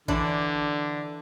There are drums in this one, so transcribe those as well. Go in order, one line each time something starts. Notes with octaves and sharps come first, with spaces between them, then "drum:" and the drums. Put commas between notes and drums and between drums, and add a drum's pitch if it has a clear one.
D3 E3 D4, drum: kick A1